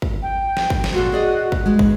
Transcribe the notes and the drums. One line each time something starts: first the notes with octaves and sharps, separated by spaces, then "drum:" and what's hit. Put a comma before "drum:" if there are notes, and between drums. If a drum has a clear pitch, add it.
drum: kick
G5
drum: snare
drum: kick
drum: snare
A#2 F#4 A4 C5
G#4 D5 D#5
drum: kick
G#3 B4
drum: kick